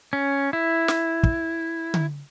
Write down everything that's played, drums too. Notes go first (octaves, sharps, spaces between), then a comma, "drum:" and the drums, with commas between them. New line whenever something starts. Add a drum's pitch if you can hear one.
C#4
E4
drum: snare
drum: kick
drum: tom D3